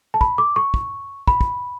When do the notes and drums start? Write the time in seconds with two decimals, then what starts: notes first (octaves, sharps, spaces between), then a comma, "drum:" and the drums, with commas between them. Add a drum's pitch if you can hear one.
0.14 A5
0.21 B5, drum: kick
0.38 D6
0.56 C#6
0.74 drum: kick
1.28 B5, drum: kick
1.41 drum: kick